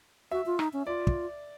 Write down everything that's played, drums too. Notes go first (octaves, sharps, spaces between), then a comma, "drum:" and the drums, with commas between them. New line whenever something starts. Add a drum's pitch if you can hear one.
F#4 E5
F4
D#4, drum: rim click
C#4
F4 D5
drum: kick